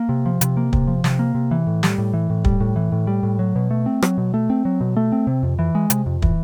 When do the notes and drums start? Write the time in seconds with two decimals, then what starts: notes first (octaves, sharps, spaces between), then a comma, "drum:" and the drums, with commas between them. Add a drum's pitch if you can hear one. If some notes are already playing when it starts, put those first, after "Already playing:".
Already playing: A#3
0.09 C3
0.26 F3
0.41 C3, drum: hi-hat
0.57 A#3
0.73 C3, drum: kick
0.87 F3
1.04 C3, drum: snare
1.19 A#3
1.35 C3
1.51 E3
1.67 A2
1.83 G3, drum: snare
1.98 A2
2.13 E3
2.30 A2
2.44 G3, drum: kick
2.60 A2
2.76 E3
2.92 A2
3.07 G3
3.23 A2
3.39 F#3
3.56 B2
3.71 A3
3.86 C4
4.02 F#3, drum: rim click
4.18 B2
4.34 A3
4.50 C4
4.65 F#3
4.81 B2
4.97 A3
5.12 C4
5.27 C3
5.43 F2
5.59 E3
5.75 G#3
5.90 C3, drum: hi-hat
6.06 F2
6.22 E3, drum: kick